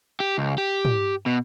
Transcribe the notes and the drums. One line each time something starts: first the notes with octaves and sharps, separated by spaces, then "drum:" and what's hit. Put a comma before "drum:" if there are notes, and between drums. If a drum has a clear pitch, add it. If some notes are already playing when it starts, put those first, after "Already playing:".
G4
C#2
G4
drum: tom
B2